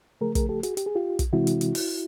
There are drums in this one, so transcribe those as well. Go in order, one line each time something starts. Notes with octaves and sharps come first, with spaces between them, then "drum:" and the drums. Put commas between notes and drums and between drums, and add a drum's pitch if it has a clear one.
C#3 F3 A3 G#4 A#4
G#4 A#4, drum: kick, hi-hat
G4 A4
F#4 G#4, drum: hi-hat
G4, drum: hi-hat
G#4
F4 G4
drum: kick, hi-hat
C3 E3 G#3 C4 E4 F#4
drum: hi-hat
drum: hi-hat
drum: open hi-hat